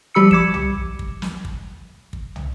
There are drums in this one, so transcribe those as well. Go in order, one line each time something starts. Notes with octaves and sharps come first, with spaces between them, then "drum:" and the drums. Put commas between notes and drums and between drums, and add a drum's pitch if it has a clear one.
F3 G3 G4 B5 E6 C#7
D6 G#6 C#7 E7, drum: kick
drum: tom
drum: kick
drum: snare
drum: kick
drum: kick
drum: tom